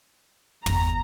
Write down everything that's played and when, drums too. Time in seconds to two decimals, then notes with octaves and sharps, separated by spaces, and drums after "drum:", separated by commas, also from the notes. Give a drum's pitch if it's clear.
0.66 G1 E2 A#5, drum: tom